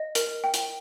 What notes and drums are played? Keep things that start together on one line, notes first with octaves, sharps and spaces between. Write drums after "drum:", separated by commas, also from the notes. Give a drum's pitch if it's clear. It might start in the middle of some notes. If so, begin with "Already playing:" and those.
Already playing: D#5
A#4, drum: hi-hat
G5
drum: hi-hat